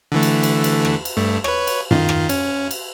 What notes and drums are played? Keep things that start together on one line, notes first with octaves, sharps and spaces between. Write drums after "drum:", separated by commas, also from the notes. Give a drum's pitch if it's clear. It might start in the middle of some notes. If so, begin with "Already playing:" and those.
D3 E3 A3
drum: cymbal
drum: cymbal
drum: cymbal
drum: rim click
drum: cymbal
G2 A3
B4 C#5, drum: rim click
drum: cymbal
D#3 F4, drum: tom F#2
drum: rim click
C#4, drum: cymbal
drum: cymbal